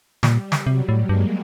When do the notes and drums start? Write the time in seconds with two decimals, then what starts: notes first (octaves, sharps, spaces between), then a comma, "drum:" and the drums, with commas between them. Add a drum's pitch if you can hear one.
0.23 A#2 G3, drum: snare
0.52 drum: snare
0.66 C3 F#3
0.89 A2
1.09 G2 G#3 A#3